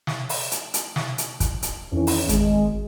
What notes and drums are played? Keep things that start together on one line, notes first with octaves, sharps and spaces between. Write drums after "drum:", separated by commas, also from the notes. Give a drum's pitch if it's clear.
drum: snare
drum: open hi-hat
drum: hi-hat
drum: hi-hat
drum: snare
drum: hi-hat
drum: kick, hi-hat
drum: hi-hat
F2 D#3 E3 C#4
drum: open hi-hat
G#1 G#3, drum: hi-hat